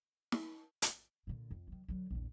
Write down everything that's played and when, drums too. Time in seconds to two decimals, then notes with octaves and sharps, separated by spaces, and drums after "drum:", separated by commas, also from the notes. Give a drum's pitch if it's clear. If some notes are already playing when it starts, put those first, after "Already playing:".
0.32 drum: snare
0.82 drum: hi-hat
1.27 A#2 D3
1.51 F2
1.68 D#3 F#3
1.88 D3 F#3
2.11 A#1 E2